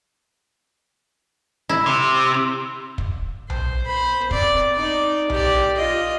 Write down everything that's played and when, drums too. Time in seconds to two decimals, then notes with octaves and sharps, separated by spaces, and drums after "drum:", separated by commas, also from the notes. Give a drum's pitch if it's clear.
1.69 E4
1.86 C3
2.98 drum: kick
3.50 C5, drum: tom B1
3.86 C5 B5
4.31 C4 D5, drum: kick
4.75 D#4 D5
5.30 G4 D5, drum: tom B1
5.76 F4 D#5